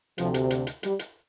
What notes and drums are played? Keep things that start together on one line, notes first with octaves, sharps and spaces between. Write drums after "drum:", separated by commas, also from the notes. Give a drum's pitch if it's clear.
D2 C3 F3, drum: hi-hat
drum: hi-hat
drum: hi-hat
drum: hi-hat
G3, drum: hi-hat
drum: hi-hat